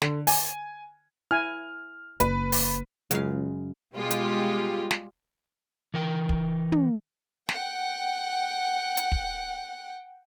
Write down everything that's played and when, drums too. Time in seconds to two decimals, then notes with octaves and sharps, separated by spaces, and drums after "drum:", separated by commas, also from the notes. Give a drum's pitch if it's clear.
0.02 D3, drum: snare
0.27 G#5, drum: open hi-hat
1.31 E4 G#5 F6
2.20 F#1 B4, drum: hi-hat
2.52 drum: open hi-hat
3.11 C#2 F#2 C#3 G#3 F5, drum: hi-hat
3.94 B2 G3 G#3 F4 G4
4.11 drum: hi-hat
4.91 drum: snare
5.94 E3 A#4 G5
6.29 drum: kick
6.72 drum: tom
7.49 F#5 G5, drum: snare
8.97 drum: hi-hat
9.12 drum: kick